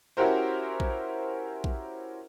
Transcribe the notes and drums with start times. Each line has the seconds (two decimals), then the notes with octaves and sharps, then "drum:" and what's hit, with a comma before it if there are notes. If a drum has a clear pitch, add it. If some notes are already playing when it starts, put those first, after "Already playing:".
0.17 C#4 E4 F#4 G4 A#4 C5
0.80 drum: kick A#1
1.64 drum: kick A#1